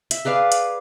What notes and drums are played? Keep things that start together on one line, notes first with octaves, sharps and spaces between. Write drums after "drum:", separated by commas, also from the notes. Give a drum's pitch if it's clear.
E5, drum: hi-hat
G#4 B4 D5 F5
drum: hi-hat